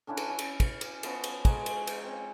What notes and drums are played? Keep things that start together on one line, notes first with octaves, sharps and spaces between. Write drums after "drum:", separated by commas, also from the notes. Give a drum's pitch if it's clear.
D3 C#4 D4 E4
drum: cymbal
C#4
drum: cymbal
drum: kick, cymbal
drum: cymbal
F3 B3 C#4, drum: cymbal
drum: cymbal
G#3 B4 G#5 A#5, drum: kick, cymbal
drum: cymbal
drum: cymbal
C4